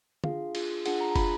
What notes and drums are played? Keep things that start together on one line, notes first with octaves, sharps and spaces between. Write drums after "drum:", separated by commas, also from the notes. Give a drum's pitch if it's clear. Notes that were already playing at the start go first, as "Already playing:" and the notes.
D4 F4 G#4 F5, drum: tom
D4 F4 G#4, drum: cymbal
D4 F4 G#4 F#5, drum: cymbal
A#5
A#5
D4 F4 G#4 B5, drum: kick, cymbal